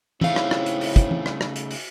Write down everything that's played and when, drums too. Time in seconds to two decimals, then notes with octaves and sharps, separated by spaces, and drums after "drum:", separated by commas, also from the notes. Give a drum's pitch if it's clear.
0.21 C#3 A3 C4 C#4 D#4 E4 F5, drum: tom
0.36 drum: rim click
0.51 drum: rim click
0.66 drum: hi-hat
0.81 drum: open hi-hat
0.96 drum: kick, hi-hat
1.11 drum: tom
1.26 drum: rim click
1.41 drum: rim click
1.56 drum: hi-hat
1.71 drum: open hi-hat